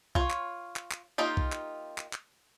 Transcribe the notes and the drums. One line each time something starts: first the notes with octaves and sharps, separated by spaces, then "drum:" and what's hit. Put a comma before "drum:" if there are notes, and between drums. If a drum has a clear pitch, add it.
F4 C#5, drum: kick
drum: clap
drum: clap
drum: clap
A#3 D#4 F4 G4
drum: kick
drum: clap
drum: clap
drum: clap